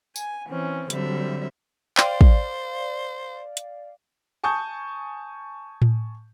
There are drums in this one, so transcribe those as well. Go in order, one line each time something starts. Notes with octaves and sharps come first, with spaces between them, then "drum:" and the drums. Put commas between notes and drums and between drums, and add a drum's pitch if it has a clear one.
G#5, drum: tambourine
E3 C4 C#4
D3 F#3 G3 C4 E5, drum: hi-hat
C5 D5 F5 G5 C6, drum: clap
drum: kick
drum: hi-hat
G#5 A5 C#6 D#6 G6
drum: tom A2